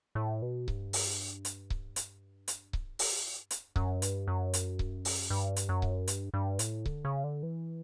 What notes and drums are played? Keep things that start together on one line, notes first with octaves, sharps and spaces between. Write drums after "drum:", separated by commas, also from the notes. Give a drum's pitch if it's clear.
A2
B2
G2, drum: kick C#1
drum: open hi-hat
drum: hi-hat
drum: kick C#1
drum: hi-hat
drum: hi-hat
drum: kick C#1
drum: open hi-hat
drum: hi-hat
F#2, drum: kick C#1
G2, drum: hi-hat
F#2
drum: hi-hat
drum: kick C#1
drum: open hi-hat
G2
drum: hi-hat
F#2
drum: kick C#1
G2, drum: hi-hat
G2
A2, drum: hi-hat
D3, drum: kick C#1
C#3
D3
E3